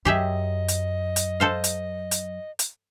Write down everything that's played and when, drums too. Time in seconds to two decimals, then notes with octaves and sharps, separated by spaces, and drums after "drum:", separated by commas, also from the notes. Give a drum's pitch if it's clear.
0.05 F#2 G4 G#4 D#5 E5
0.68 drum: hi-hat
1.16 drum: hi-hat
1.40 A4 C5 F5
1.64 drum: hi-hat
2.11 drum: hi-hat
2.59 drum: hi-hat